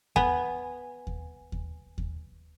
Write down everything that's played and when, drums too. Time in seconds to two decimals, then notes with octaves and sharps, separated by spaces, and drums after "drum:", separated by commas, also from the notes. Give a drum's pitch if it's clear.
0.16 B3 G#5, drum: kick D#2
1.07 drum: kick D#2
1.52 drum: kick D#2
1.98 drum: kick D#2